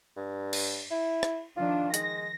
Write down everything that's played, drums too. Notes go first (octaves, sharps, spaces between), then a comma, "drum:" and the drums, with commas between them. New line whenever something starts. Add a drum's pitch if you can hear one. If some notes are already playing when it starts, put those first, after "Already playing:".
G2
drum: cymbal
E4
drum: rim click
D#3 F3 D4 F4
G#3 A#6, drum: hi-hat